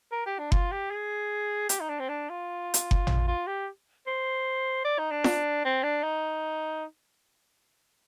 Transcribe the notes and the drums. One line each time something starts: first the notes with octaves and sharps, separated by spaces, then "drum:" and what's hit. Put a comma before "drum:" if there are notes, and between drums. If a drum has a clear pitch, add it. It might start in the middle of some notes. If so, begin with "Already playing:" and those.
A#4
G4
D4
F4, drum: kick F#1
G4
G#4
G4, drum: hi-hat
D#4
D4
C4
D4
F4
drum: hi-hat
drum: kick F#1
drum: tom
F4
G4
C5
D5
D#4
D4
drum: snare F4
C4
D4
D#4